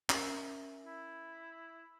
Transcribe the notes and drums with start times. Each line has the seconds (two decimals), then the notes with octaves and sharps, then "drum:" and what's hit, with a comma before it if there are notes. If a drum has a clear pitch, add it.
0.10 C#4 A#4 E5 G#5, drum: clap
0.86 E4